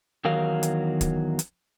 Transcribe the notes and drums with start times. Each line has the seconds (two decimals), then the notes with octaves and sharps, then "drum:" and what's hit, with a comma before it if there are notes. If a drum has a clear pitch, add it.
0.25 E2 D#3 F#3 A#4 F5
0.63 drum: hi-hat
1.01 drum: kick, hi-hat
1.39 drum: hi-hat